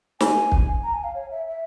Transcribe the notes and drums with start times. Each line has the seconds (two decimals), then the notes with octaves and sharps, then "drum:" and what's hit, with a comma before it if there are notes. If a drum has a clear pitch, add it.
0.20 G#5, drum: snare
0.52 drum: kick
0.83 A#5
0.94 G#5
1.04 F5
1.15 C#5
1.31 E5
1.47 E5